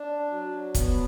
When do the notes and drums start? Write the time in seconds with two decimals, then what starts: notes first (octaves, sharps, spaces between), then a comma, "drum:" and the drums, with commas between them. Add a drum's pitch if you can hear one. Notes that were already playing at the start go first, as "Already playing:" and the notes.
Already playing: D4
0.29 F#3
0.75 B3, drum: kick, hi-hat